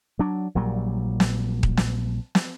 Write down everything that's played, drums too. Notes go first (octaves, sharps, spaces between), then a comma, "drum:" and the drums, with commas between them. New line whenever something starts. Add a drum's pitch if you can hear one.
F#3 D4
A#1 A#2 F#3 G3
drum: snare
drum: kick D#1
drum: snare
drum: snare